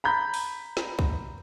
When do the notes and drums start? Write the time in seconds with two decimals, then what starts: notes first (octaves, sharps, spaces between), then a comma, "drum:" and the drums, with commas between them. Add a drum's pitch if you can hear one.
0.04 A#5 B5 G6
0.34 drum: open hi-hat
0.77 drum: snare
0.99 drum: kick C2